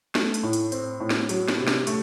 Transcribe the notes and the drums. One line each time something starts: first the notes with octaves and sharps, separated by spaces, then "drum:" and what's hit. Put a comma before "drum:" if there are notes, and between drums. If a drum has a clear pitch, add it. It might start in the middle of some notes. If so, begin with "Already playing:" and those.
A3, drum: snare
drum: hi-hat
A2
drum: hi-hat
C4, drum: hi-hat
A2
drum: snare
F#3, drum: hi-hat
drum: snare
C3
drum: snare
A3, drum: hi-hat